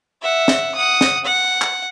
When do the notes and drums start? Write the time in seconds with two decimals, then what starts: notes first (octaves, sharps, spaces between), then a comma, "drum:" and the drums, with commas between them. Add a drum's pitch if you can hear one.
0.22 E5 F#5
0.48 drum: snare
0.75 F#5 D#6
1.01 drum: snare
1.25 F#5
1.62 drum: clap